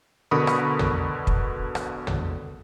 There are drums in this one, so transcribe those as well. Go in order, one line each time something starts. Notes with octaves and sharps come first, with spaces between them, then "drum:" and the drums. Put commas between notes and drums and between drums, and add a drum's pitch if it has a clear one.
B2 D3 A#4 B5 C#6 D#6
drum: rim click
drum: tom
drum: kick
drum: rim click
drum: tom